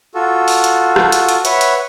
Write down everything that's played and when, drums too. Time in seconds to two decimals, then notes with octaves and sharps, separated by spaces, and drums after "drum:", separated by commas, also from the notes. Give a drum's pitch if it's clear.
0.15 F4 F#4 A4
0.48 drum: open hi-hat
0.64 drum: hi-hat
0.96 drum: rim click
1.12 drum: hi-hat
1.29 drum: hi-hat
1.45 B4 C#5 E5 F#5, drum: hi-hat
1.61 drum: hi-hat